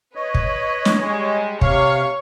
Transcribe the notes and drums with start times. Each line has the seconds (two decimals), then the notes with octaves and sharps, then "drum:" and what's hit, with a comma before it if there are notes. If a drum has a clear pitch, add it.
0.15 B4 C#5 D#5
0.34 drum: kick
0.85 drum: snare
1.02 G3 G#3
1.61 C3 C#5 F5 C#6, drum: kick